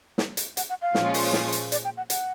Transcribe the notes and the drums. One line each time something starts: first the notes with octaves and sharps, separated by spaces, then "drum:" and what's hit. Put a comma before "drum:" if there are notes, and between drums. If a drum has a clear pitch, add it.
drum: snare
drum: hi-hat
F#5, drum: hi-hat
F#5
F5
A#2 F3 G#3 C#4 F4, drum: snare
drum: open hi-hat
drum: snare
drum: hi-hat
D5, drum: hi-hat
G5
F#5
F#5, drum: hi-hat